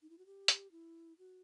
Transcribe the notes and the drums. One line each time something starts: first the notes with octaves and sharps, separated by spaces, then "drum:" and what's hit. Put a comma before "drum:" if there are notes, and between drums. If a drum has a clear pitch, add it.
D#4
E4
F#4
G4
drum: hi-hat
E4
F#4